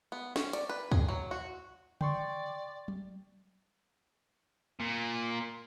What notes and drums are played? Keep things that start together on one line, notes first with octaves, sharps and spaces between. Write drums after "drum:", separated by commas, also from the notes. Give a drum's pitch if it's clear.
B3
C#4, drum: snare
D5, drum: hi-hat
B4
G#4, drum: kick
F#3
F#4
D5 G5 C6 C#6, drum: tom C#3
drum: tom F#3
A#2